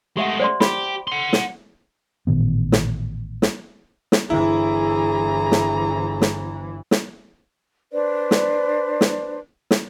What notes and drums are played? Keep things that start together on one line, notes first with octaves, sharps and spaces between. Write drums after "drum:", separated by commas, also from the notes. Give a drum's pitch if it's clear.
G#3 A3 G4 E5 F#5
C5 D5 C6
G4 B5, drum: snare
F#5 C6
drum: snare
A1 A#2 D#3 B3
drum: snare
drum: snare
drum: snare
G1 E3 E4 G#4 A#5
drum: snare
drum: snare
drum: snare
D4 B4 C5 D5
drum: snare
drum: snare
drum: snare